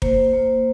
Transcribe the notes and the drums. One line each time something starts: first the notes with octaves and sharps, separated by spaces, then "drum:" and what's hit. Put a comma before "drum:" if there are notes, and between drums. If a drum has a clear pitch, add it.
A#3 C5, drum: kick
A#3